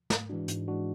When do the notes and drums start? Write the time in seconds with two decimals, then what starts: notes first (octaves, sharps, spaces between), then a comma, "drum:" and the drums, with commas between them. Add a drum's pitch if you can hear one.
0.10 G#2, drum: snare
0.29 E3 G#3 D4 F#4
0.48 G#2, drum: hi-hat
0.68 E3 G#3 D4 F#4